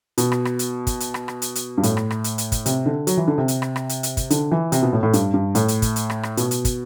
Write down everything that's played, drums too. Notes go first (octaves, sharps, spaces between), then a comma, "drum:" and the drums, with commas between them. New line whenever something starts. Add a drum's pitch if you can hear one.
B2, drum: hi-hat
drum: rim click
drum: rim click
drum: hi-hat
drum: kick, hi-hat
drum: hi-hat
drum: rim click
drum: rim click
drum: hi-hat
drum: hi-hat
G2
A2, drum: hi-hat
drum: rim click
drum: rim click
drum: hi-hat
drum: hi-hat
drum: kick, hi-hat
C3, drum: hi-hat
D3
F#3, drum: hi-hat
E3
D3
C3
drum: hi-hat
drum: rim click
drum: rim click
drum: hi-hat
drum: hi-hat
drum: kick, hi-hat
D3, drum: hi-hat
E3
C3, drum: hi-hat
B2
A2
A2
G2, drum: hi-hat
G2
A2, drum: hi-hat
drum: hi-hat
drum: kick, hi-hat
drum: hi-hat
drum: rim click
drum: rim click
B2, drum: hi-hat
drum: hi-hat
drum: kick, hi-hat